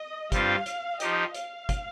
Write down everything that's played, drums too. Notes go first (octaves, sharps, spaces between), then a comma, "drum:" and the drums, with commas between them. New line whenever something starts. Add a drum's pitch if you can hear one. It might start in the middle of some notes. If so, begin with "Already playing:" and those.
Already playing: D#5
G2 G3 C4 F4 F5, drum: kick, hi-hat
drum: hi-hat
F3 D#4 G4 D#5, drum: hi-hat
F5, drum: hi-hat
drum: kick, hi-hat